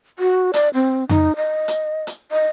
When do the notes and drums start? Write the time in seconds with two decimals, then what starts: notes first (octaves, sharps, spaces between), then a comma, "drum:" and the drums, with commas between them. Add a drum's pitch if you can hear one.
0.19 F#4
0.54 D5, drum: hi-hat
0.74 C4
1.09 D#4, drum: tom F2
1.36 D#5
1.68 drum: hi-hat
2.07 drum: hi-hat
2.32 D#5